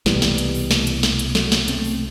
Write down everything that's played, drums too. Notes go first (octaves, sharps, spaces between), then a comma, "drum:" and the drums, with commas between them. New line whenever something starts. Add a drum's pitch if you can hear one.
C2 B2 E3 G3, drum: snare
drum: snare
drum: hi-hat
drum: open hi-hat
drum: snare
drum: hi-hat
drum: snare
drum: hi-hat
F#3 A3, drum: snare
drum: snare
A3 C4, drum: hi-hat
drum: open hi-hat